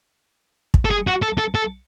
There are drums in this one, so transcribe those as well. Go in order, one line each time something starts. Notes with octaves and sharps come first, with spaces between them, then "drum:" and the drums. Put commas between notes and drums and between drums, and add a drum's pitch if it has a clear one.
drum: kick
A4
G#4
F#4
A4
A4
A4